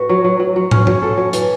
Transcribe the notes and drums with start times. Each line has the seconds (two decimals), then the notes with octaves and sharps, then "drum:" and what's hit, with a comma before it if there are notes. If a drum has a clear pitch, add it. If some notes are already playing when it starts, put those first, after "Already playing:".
Already playing: A2 F#4 B4
0.09 F#3
0.24 F#3
0.40 F#3
0.56 F#3
0.71 C#4, drum: tom
0.87 F#3, drum: tom G#2
1.03 A4
1.18 F#3
1.33 E3, drum: hi-hat